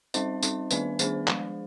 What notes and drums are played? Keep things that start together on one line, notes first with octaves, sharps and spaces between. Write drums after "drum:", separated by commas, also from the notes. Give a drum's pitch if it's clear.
G3 C4 D#4 C5 D#5, drum: tambourine
G3 C4 D#4, drum: tambourine
D#3 G3 B3 D4 B4 D5, drum: tambourine
D#3 G3 B3 D4 G#4 C5, drum: tambourine
F3 G#3 D4, drum: clap